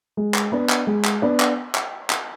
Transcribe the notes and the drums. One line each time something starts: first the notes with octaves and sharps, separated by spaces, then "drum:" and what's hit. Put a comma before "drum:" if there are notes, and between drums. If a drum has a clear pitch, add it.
G#3
drum: clap
B3 D4
drum: clap
G#3
drum: clap
B3 D4
drum: clap
drum: clap
drum: clap